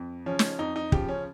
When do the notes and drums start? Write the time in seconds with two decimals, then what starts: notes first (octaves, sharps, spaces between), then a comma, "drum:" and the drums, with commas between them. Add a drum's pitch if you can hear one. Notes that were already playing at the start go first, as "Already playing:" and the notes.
Already playing: F2
0.26 C#3 F3 C#4
0.39 drum: snare
0.59 F2 D#4
0.76 D#4
0.92 C#3 F3 G4, drum: kick
1.09 C#4